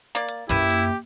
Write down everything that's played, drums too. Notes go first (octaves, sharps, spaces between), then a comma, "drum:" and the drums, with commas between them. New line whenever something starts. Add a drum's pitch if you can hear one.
A#3 D5
drum: hi-hat
F#2 A#3 E4 G4 B4 E5, drum: hi-hat
drum: hi-hat